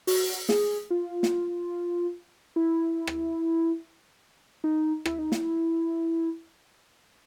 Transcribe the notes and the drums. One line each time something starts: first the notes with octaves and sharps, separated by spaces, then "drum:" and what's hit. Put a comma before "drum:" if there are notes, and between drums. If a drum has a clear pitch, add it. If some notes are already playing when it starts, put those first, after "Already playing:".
F#4, drum: open hi-hat
G#4, drum: snare
F4
drum: snare
E4
drum: rim click
D#4
E4, drum: rim click
D#4
E4, drum: snare